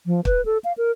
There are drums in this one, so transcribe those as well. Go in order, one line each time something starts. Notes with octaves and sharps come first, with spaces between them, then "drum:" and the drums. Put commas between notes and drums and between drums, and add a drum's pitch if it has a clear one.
F3
B4, drum: kick
A4
F5
A#4